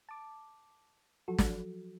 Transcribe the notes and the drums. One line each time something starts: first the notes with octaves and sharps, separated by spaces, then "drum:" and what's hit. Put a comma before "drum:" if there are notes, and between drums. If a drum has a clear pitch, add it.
A5 D6
F3 F#3 F#4 A4
drum: snare